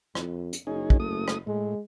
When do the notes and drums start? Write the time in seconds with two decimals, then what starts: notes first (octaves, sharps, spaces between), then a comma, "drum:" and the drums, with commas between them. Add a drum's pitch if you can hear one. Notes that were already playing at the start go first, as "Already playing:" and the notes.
0.15 F2, drum: rim click
0.53 drum: hi-hat
0.67 F#1 C#4 D#4 G#4
0.90 drum: kick
1.00 A3 D#6
1.28 drum: rim click
1.47 A2 G#3